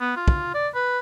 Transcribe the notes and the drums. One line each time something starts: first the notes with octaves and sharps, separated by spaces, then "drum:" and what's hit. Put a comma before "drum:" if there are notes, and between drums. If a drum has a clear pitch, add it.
B3
F4
drum: kick
D5
B4